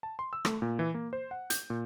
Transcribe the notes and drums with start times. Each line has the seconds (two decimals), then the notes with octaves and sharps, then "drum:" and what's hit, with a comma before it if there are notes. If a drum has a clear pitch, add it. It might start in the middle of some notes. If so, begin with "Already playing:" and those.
0.03 A5
0.19 C6
0.33 E6
0.45 A3, drum: rim click
0.62 A#2
0.79 E3
0.94 A#3
1.13 C5
1.31 F#5
1.50 G6, drum: hi-hat
1.70 A#2